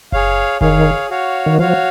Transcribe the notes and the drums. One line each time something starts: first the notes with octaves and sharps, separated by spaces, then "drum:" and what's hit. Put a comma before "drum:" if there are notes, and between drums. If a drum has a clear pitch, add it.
G#4 C#5 F5, drum: kick F#1
D#3 G#4 C#5 F5, drum: kick F#1
F#4 C#5 F5
D#3
F3 F#4 C#5 F5